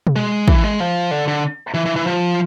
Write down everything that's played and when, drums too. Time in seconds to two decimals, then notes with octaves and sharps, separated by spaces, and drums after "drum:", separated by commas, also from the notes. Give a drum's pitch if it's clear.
0.07 drum: tom B2
0.16 G#3
0.48 E3, drum: kick
0.64 G#3
0.80 F3
1.11 D3
1.28 D3
1.74 E3
1.85 E3
1.96 E3
2.07 F3